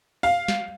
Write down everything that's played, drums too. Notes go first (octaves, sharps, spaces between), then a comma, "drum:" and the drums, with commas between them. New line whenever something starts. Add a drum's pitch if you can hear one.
F5, drum: open hi-hat
drum: snare